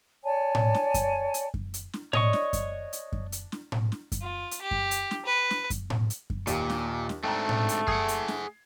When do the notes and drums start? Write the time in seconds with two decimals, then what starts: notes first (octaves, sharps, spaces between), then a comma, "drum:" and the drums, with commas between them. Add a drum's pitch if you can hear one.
0.24 C#5 D5 G#5 A5
0.55 drum: tom A2
0.74 drum: snare
0.94 drum: kick F#2, hi-hat
1.34 drum: hi-hat
1.54 drum: kick F#2
1.74 drum: hi-hat
1.93 drum: snare
2.13 D4 C#5 D#5 C#6, drum: tom A2
2.33 drum: snare
2.53 drum: kick F#2, hi-hat
2.93 drum: hi-hat
3.12 drum: kick F#2
3.32 drum: hi-hat
3.52 drum: snare
3.72 drum: tom A2
3.92 drum: snare
4.12 drum: kick F#2, hi-hat
4.22 F4
4.51 drum: hi-hat
4.62 G4
4.71 drum: kick F#2
4.91 drum: hi-hat
5.11 drum: snare
5.26 B4
5.50 drum: snare
5.70 drum: kick F#2, hi-hat
5.90 drum: tom A2
6.10 drum: hi-hat
6.30 drum: kick F#2
6.47 D#2 A#2 G4, drum: hi-hat
6.70 drum: snare
7.09 drum: snare
7.24 G#2 A3 C4 D4 G5 A#5
7.49 drum: tom A2
7.69 drum: hi-hat
7.88 G#4 F#5 D#6 G#6 C7, drum: kick F#2
8.08 drum: hi-hat
8.28 drum: snare